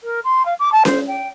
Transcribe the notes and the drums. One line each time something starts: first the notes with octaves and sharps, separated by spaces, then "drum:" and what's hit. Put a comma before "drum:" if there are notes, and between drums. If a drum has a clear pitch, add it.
A#4
C6
F5
D6
A5
C5, drum: snare C#4
G5